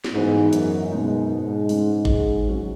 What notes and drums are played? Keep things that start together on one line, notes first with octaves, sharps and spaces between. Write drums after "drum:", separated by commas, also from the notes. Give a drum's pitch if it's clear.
drum: snare
G#2 E3 B3 D#4 F#4
F#2, drum: hi-hat
F#2 B2 G#3 D#4
G#2
C#3 G#3 C#4 G#4, drum: open hi-hat
drum: kick G#1
F#3 C#4 F#4